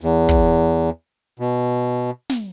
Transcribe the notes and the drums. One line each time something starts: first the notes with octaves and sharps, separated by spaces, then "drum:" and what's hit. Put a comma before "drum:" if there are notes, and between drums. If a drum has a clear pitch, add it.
E2, drum: hi-hat
drum: kick
B2
drum: snare